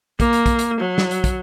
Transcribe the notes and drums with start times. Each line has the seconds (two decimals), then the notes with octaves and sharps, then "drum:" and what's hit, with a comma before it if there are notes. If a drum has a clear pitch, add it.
0.20 A#3, drum: kick, hi-hat
0.33 drum: hi-hat
0.46 drum: kick, hi-hat
0.59 drum: hi-hat
0.80 F#3
0.98 drum: snare
1.11 drum: hi-hat
1.24 drum: kick, hi-hat